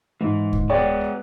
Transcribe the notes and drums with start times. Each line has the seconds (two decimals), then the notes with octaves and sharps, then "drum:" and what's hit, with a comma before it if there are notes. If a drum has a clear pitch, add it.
0.21 G#2 E3
0.53 drum: kick C#2
0.70 G#3 B3 C#5 D5 G5